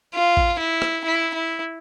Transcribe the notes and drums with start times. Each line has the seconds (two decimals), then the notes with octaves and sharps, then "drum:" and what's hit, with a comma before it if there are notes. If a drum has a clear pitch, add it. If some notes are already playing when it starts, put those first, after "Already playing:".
0.15 F4
0.37 drum: kick A1
0.60 E4
0.82 drum: rim click
1.04 E4
1.34 E4